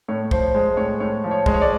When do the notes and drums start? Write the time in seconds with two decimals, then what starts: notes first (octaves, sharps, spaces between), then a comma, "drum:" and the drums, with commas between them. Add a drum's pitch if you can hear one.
0.08 A2 C#5
0.31 F3 C5, drum: kick
0.55 G#3 C5
0.77 A2 C#5
1.00 A2 C#5
1.24 F3
1.31 C#5
1.46 G#3, drum: kick
1.54 C#5
1.61 D5